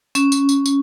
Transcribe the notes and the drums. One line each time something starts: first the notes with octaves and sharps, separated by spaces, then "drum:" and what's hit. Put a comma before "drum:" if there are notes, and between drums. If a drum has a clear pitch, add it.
C#4, drum: tambourine
drum: tambourine
drum: tambourine
drum: tambourine